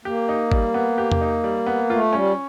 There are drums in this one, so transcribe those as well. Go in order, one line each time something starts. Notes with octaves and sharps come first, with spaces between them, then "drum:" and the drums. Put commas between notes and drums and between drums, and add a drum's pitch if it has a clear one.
A#3 G4
D#4
G3, drum: kick
B3
G4
drum: tom E2
D#4
G3
B3
A3 F4
G3 C#4